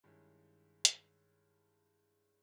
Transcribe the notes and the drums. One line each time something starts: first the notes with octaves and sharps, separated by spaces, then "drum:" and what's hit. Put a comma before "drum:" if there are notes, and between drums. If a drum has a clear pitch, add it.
G2 D#3 G#3 C#4 E4
drum: hi-hat